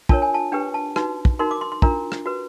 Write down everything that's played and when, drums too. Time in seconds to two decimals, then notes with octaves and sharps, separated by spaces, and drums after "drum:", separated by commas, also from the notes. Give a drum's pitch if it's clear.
0.09 D4 F4 A#4 C#5 A5, drum: kick
0.22 G#5
0.34 A5
0.52 D4 G4 B4 G5
0.74 A5
0.96 D#4 F#4 B4, drum: rim click
1.25 drum: kick
1.39 D#4 F#4 A#4 C6
1.51 D6
1.61 C6
1.72 C6
1.82 D4 F4 A#4 A#5, drum: kick
2.12 drum: rim click
2.26 F#4 B4